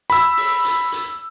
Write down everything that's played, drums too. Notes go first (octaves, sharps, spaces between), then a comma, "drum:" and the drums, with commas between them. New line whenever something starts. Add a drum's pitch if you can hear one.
B5 E6, drum: hi-hat
drum: open hi-hat
drum: hi-hat
drum: hi-hat